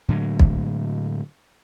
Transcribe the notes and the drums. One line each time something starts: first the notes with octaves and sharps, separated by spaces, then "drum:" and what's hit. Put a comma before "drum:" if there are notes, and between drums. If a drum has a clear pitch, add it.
A2 D3 F#3 G#3
drum: kick